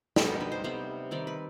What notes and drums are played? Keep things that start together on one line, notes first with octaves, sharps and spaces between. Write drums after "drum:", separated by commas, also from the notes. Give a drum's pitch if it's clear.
B2 G3 B3 G4, drum: snare
D#4
B4
C5
C3 G3 B3 C5
D#3 G3 C4 D5
B4